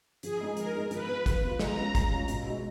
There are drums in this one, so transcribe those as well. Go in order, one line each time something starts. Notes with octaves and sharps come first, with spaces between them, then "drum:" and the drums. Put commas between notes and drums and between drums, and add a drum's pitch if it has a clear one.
F3 G#4, drum: hi-hat
G#3 B3 D#4 G#4
F3 A#4, drum: hi-hat
G#3 B3 D#4 G#4
F3 B4, drum: hi-hat
B3 F4
F3, drum: kick, hi-hat
B3 F4
G#3 A#5, drum: snare
C#4 F4
G#3, drum: kick, hi-hat
C#4 F4
B2, drum: hi-hat
G#3 D#4 F#4